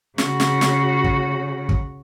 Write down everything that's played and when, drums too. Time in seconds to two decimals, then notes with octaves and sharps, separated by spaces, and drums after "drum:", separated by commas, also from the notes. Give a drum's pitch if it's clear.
0.18 C#3 F#4, drum: snare
0.40 drum: snare
0.61 drum: snare
1.04 drum: kick
1.69 drum: kick